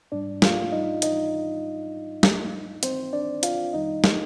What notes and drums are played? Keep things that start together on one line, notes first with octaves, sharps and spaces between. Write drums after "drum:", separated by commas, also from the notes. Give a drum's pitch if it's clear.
G#2 G3 D4 D5
F4 F5, drum: snare
D#4 D#5
D#4 D#5, drum: hi-hat
drum: snare
C4 C5, drum: hi-hat
D4 D5
F4 F5, drum: hi-hat
F2 D#3 G3 D#4 D#5
drum: snare